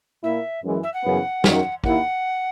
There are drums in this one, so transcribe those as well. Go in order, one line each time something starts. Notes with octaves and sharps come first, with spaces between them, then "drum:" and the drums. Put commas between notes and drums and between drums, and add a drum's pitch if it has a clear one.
A#2 A#3 E4 E5
F#2 E3 G#3
E5
F#5
F#2 C#3 E3 B3
F#2 D#3 A#3, drum: snare
D#2 D#3 A#3 E4 F#5, drum: kick